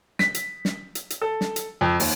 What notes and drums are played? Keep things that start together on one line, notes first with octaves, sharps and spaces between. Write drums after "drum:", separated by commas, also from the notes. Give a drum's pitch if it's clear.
B6, drum: snare
drum: hi-hat
drum: snare
drum: hi-hat
drum: hi-hat
A4
drum: snare
drum: hi-hat
F2
D#2, drum: open hi-hat